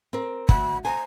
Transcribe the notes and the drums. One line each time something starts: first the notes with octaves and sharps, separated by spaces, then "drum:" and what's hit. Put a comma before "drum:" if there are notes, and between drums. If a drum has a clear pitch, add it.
C4 A#4
D2 F#5 B5, drum: kick
C5 G#5 A#5